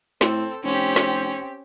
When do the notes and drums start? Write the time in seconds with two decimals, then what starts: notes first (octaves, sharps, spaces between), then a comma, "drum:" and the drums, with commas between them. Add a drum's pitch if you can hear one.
0.21 A2 C4 A4, drum: snare
0.64 F1 C4 C#4 G4
0.96 drum: snare